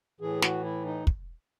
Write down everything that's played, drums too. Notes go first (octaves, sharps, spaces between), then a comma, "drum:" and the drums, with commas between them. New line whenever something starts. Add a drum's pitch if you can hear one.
A2 E3 G#4
F#4, drum: snare
E4
D#4
drum: kick